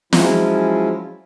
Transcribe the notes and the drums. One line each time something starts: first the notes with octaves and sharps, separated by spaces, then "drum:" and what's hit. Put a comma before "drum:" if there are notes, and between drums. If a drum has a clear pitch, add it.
F3 F#3 G#3 C#4 E4 F4, drum: snare